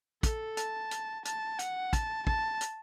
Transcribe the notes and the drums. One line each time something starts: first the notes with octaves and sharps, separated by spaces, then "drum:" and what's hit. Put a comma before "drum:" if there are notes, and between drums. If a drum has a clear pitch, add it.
A4, drum: kick, hi-hat
A5, drum: hi-hat
drum: hi-hat
A5, drum: hi-hat
F#5, drum: hi-hat
A5, drum: kick, hi-hat
A5, drum: kick
drum: hi-hat